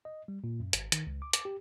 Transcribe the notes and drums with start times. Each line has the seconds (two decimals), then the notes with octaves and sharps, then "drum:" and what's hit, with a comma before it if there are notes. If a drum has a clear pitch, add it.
0.05 D#5
0.28 G3
0.44 A#2
0.60 F#2
0.73 G#1, drum: hi-hat
0.92 D#3, drum: hi-hat
1.07 C#2
1.22 D6
1.33 D6, drum: hi-hat
1.45 G4